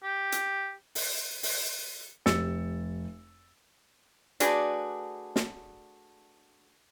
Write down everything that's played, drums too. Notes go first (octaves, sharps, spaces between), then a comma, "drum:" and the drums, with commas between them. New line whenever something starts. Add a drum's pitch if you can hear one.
G4
drum: hi-hat
drum: open hi-hat
drum: open hi-hat
F1 G4 E6 A6 C#7, drum: snare
A3 D4 F#4 G#4 B4 D5, drum: hi-hat
drum: snare